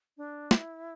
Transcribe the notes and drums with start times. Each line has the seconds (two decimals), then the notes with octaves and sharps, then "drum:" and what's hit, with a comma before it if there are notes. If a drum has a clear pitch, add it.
0.17 D4
0.51 E4, drum: snare